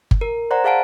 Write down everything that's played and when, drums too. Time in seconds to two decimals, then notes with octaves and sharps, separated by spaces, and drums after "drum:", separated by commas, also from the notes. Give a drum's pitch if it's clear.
0.11 drum: kick G1
0.21 A#4
0.51 C5 D5 F#5 A#5
0.64 G#4 F5 F#5 A5 D7